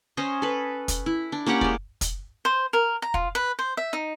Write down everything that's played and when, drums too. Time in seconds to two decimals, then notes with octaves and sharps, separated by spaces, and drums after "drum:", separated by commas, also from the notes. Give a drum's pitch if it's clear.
0.17 C#4 C5 D#5
0.42 A4 B4
0.88 drum: kick, hi-hat
1.06 E4
1.32 D4
1.46 A#3 C#4 G4 F#5
1.61 G#3 D5, drum: kick
2.01 drum: kick, hi-hat
2.45 C5
2.73 A#4
3.02 A#5
3.14 F4, drum: kick
3.35 B4
3.59 C5
3.77 E5
3.93 D#4